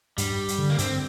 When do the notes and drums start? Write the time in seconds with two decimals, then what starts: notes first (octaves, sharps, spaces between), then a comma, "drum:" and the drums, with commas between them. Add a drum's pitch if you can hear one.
0.18 G2 G3, drum: hi-hat
0.48 drum: hi-hat
0.58 D3
0.70 A#3
0.78 G2 C4, drum: hi-hat